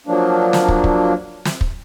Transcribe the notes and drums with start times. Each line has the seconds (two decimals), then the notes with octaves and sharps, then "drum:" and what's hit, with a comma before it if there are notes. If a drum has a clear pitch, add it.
0.07 F3 F#3 A#3 D4
0.53 drum: snare
0.68 drum: kick
0.84 drum: kick
1.45 drum: snare
1.61 drum: kick